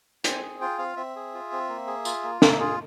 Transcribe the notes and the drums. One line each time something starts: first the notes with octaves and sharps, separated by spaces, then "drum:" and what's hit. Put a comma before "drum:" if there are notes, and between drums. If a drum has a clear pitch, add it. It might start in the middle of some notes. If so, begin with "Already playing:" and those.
C4 G#5, drum: hi-hat
G#4
F4 G5
C4 F5
C4 E5
G#4
F4
C4
A#3
G#4
F4, drum: tambourine
A#3
A#3 E5, drum: snare
F4 G#4